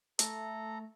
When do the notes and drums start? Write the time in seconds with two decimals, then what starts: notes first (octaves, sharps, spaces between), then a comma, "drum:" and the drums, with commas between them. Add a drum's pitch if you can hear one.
0.19 A3 A4 A#5, drum: hi-hat